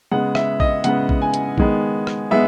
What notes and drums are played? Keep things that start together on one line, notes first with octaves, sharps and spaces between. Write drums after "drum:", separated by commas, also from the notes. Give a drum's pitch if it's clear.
C#3 G#3 B3 F#5
E5, drum: rim click
D#5, drum: kick
C#3 G#3 B3 F#5, drum: hi-hat
drum: kick
G#5
drum: hi-hat
D#3 G#3 B3, drum: kick
drum: rim click
G#3 B3 E5